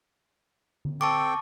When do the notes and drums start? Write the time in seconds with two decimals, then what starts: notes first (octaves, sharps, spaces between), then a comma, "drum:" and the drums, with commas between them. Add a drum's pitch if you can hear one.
0.85 drum: tom D3
1.01 C4 A4 G5 A5 C#6 D6